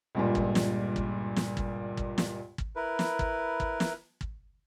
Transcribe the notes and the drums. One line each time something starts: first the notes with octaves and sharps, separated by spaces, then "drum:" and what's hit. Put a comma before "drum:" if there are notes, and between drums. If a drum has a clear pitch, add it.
C#2 G2 A#2
drum: kick
drum: snare
drum: kick
drum: snare
drum: kick
drum: kick
drum: snare
drum: kick
E4 A#4 B4
drum: snare
drum: kick
drum: kick
drum: snare
drum: kick